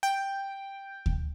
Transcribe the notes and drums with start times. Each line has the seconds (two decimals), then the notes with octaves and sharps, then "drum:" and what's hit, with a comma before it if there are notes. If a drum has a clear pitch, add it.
0.03 G5
1.06 drum: kick D2